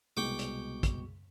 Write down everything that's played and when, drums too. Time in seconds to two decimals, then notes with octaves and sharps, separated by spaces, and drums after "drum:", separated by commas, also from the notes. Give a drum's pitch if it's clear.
0.17 C2 B2 G#3 G5 C#6 D6
0.39 drum: hi-hat
0.83 drum: kick, hi-hat